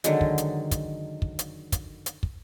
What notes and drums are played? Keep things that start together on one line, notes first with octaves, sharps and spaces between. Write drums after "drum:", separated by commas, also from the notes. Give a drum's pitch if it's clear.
D3 D#3 F#3 G#3, drum: hi-hat
drum: kick
drum: hi-hat
drum: kick, hi-hat
drum: kick
drum: hi-hat
drum: kick, hi-hat
drum: hi-hat
drum: kick